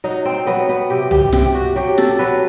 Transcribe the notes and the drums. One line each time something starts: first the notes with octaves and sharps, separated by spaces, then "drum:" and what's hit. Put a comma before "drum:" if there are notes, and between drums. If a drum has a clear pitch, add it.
F#3 D#4
C4
F#3 B3
B3
C3 G4
G4, drum: tom C2
C3 G4, drum: snare
F#4
F#3 G4
A4, drum: snare
F#3 B4